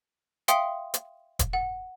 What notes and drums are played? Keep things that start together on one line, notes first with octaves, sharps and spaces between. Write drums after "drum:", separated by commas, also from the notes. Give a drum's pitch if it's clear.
E5 F5 G5 C6 D#6 C#7, drum: hi-hat
drum: hi-hat
drum: kick E1, hi-hat
F#5